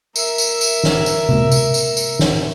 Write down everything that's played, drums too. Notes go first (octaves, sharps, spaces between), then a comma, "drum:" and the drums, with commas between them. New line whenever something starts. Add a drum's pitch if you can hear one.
A#4 E5, drum: tambourine
drum: tambourine
drum: tambourine
drum: snare
drum: tambourine
drum: tom C3
drum: tambourine
drum: tambourine
drum: tambourine
drum: snare